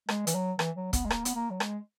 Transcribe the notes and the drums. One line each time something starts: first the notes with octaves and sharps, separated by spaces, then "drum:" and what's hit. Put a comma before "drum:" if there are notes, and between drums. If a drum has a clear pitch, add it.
G#3, drum: rim click
E3, drum: hi-hat
F#3
E3, drum: rim click
F#3
B3, drum: kick, hi-hat
G#3
A#3, drum: rim click
B3, drum: hi-hat
A#3
F#3
G#3, drum: rim click